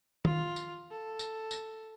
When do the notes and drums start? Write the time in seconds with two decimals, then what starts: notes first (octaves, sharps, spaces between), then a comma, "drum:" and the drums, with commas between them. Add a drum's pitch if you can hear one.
0.25 F4, drum: tom
0.56 drum: tambourine
0.91 A4
1.19 drum: tambourine
1.51 drum: tambourine